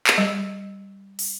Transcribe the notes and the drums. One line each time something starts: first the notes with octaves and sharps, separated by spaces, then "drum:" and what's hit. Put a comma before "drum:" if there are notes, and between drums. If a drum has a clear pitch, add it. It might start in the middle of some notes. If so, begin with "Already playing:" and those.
drum: clap
G3
drum: open hi-hat